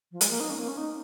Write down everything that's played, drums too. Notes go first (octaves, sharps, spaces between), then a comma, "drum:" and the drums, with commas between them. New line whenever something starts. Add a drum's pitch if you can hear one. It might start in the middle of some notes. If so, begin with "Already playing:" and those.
F3
G#3, drum: hi-hat
A#3
D#4
C#4
A#3
C#4
D#4